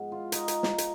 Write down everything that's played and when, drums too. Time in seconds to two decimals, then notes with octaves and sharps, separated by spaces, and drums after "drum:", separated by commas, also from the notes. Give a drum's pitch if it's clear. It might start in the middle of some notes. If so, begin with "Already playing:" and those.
Already playing: G#2 F3 B3
0.12 F4
0.32 D#4, drum: hi-hat
0.48 drum: hi-hat
0.63 drum: snare
0.78 drum: hi-hat